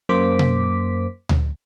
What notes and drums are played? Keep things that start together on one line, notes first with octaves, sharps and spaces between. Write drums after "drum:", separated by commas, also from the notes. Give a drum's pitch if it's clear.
F#2 A#3 C5 D6 B6
drum: tom B2
drum: tom D2